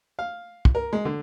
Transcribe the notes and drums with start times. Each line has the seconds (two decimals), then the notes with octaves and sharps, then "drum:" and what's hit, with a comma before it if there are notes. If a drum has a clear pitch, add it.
0.19 F5
0.65 drum: kick
0.75 A#4
0.93 G#3
1.05 D3